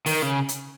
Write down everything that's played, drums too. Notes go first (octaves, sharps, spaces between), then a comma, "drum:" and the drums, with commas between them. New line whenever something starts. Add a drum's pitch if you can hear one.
D#3, drum: open hi-hat
C#3
drum: hi-hat